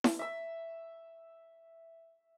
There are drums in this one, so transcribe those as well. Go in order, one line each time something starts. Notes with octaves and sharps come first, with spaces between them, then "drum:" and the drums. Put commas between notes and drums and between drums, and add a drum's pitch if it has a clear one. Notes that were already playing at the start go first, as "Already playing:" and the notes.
drum: snare E4
E5 E6